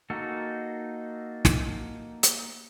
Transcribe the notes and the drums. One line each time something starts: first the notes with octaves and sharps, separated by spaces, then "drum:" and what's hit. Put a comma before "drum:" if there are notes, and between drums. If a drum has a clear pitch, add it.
A#3 D#4 F#4 G#4 A4
drum: snare
drum: hi-hat